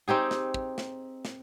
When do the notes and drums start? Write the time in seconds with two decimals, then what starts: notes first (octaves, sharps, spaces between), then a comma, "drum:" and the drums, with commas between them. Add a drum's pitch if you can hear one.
0.08 C4 D#4 G4 G#4
0.31 drum: snare
0.54 drum: kick
0.78 drum: snare
1.25 drum: snare